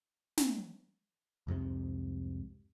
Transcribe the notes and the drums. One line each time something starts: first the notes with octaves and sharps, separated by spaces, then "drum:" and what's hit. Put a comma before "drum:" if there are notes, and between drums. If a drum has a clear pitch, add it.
drum: snare
C2 F2 G#2 C3